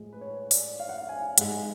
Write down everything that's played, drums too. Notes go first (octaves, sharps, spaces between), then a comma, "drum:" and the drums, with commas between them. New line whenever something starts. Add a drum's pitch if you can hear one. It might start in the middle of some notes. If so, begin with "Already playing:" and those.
Already playing: A2 F3 G#3
B4
C#5
D5, drum: open hi-hat
F5
F#5
F5
G#5
G#2 G#3 F#5, drum: hi-hat